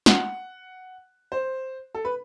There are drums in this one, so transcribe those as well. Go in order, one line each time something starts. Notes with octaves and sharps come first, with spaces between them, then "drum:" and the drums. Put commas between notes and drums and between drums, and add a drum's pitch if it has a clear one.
F#5, drum: snare
C5
A4
B4